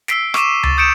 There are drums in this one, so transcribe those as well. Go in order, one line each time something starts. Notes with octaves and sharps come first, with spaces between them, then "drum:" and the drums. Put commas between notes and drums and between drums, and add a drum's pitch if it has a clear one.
E6 B6 C7 D7, drum: snare
C#6 D6 D#7 E7, drum: rim click
A6, drum: tom C#2
D#6 G6 C#7 D7 E7